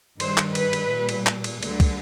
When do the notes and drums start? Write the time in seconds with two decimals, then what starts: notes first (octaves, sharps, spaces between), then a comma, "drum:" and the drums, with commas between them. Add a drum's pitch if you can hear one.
0.20 G2 D#3 G3 C5, drum: cymbal
0.37 drum: clap
0.55 B4, drum: cymbal
0.73 drum: cymbal
0.91 A#2 G3
1.09 drum: cymbal
1.26 drum: clap
1.44 drum: cymbal
1.63 D2 D3 G3, drum: cymbal
1.80 drum: kick, cymbal